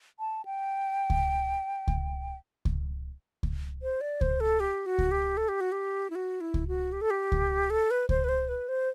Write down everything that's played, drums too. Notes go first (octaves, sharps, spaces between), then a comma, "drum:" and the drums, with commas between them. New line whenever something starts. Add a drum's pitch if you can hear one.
A5
G5
drum: kick C#2
drum: kick C#2
drum: kick C#2
drum: kick C#2
C5
D5
C5, drum: kick C#2
A4
G4
F#4
drum: kick C#2
G4
A4
G4
F#4
G4
E4
F#4
E4
drum: kick C#2
F#4
G4
A4
G4
drum: kick C#2
A4
B4
C5, drum: kick C#2
B4
C5
B4
C5